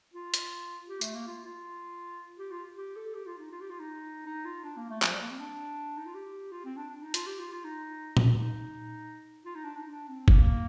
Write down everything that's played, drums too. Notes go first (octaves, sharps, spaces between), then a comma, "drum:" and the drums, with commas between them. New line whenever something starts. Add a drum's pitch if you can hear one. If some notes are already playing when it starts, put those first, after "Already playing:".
F4
drum: hi-hat
G4
A3, drum: tambourine
A#3
F4
F4
G4
F4
G4
A4
G4
F4
D#4
F4
G4
F4
D#4
D#4
F4
D4
A#3
A3
F3, drum: clap
G3
A#3
C4
D4
D#4
F4
G4
F4
C4
D4
D4
D#4
F4, drum: hi-hat
G4
F4
F4
D#4
drum: tom A#2
D#4
F4
D#4
D4
D#4
D4
C4
A#3, drum: kick F#1